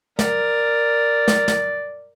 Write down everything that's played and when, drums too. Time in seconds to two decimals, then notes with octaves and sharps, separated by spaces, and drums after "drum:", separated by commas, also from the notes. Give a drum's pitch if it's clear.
0.19 A#4 D5, drum: snare
1.28 drum: snare
1.48 drum: snare